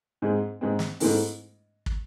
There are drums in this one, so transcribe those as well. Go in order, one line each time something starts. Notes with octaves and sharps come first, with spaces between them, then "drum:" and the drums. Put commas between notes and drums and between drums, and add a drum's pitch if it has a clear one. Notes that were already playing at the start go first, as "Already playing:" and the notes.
G#2 G#3 C4
G#2 G#3 C4
drum: snare
G#2 E3 A3 C4, drum: open hi-hat
drum: kick